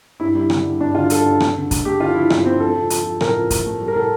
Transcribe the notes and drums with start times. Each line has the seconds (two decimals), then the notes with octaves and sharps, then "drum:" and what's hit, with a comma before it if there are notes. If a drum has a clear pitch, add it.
0.20 G2 E4
0.35 G3 E4
0.50 D3, drum: rim click
0.65 G3
0.81 G2 D4
0.95 D3 F4
1.10 G3 A4, drum: hi-hat
1.25 G2
1.40 A3, drum: rim click
1.56 D3
1.71 A3, drum: kick, hi-hat
1.85 A3 G4
2.00 D3 F4
2.15 F3 E4
2.30 G2 F4, drum: rim click
2.45 F3 C4
2.60 F3 A4
2.76 F3
2.90 F3, drum: hi-hat
3.05 F3
3.21 A2 A#4, drum: rim click
3.36 F3
3.50 A3, drum: kick, hi-hat
3.66 A3
3.81 G3
3.88 A#4
3.95 A2 A4